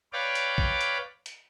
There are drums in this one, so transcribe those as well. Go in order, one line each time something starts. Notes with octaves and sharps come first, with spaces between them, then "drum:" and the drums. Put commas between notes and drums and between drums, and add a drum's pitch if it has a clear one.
B4 C#5 D5 F5 G5 D6
drum: hi-hat
drum: kick A#1
drum: hi-hat
drum: hi-hat